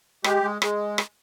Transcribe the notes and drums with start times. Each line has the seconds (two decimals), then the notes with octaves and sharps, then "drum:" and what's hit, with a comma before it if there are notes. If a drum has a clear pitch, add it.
0.24 G#3 G4, drum: rim click
0.43 G#3
0.62 G#3, drum: rim click
0.98 drum: rim click